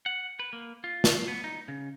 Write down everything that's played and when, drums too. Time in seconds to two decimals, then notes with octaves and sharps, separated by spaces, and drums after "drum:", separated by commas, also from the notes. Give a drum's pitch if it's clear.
0.06 F#5
0.39 B4
0.53 A#3
0.84 F4
1.04 drum: snare
1.28 B3
1.44 D#4
1.68 C#3